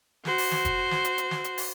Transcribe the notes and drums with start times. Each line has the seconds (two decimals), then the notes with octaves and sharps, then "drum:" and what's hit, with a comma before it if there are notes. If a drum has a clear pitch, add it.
0.25 F#4 C5, drum: snare
0.38 drum: open hi-hat
0.51 drum: snare
0.65 drum: kick F1, hi-hat
0.91 drum: snare
1.05 drum: hi-hat
1.18 drum: hi-hat
1.31 drum: snare
1.44 drum: hi-hat
1.58 drum: open hi-hat